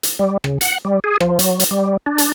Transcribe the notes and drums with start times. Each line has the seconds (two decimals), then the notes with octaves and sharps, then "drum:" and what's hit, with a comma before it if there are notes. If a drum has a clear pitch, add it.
0.03 drum: hi-hat
0.19 G3
0.44 C#3, drum: rim click
0.61 F#5, drum: hi-hat
0.85 G3
1.04 G#4
1.20 F3, drum: rim click
1.39 F#3, drum: hi-hat
1.60 drum: hi-hat
1.71 G3
2.06 D4
2.18 drum: hi-hat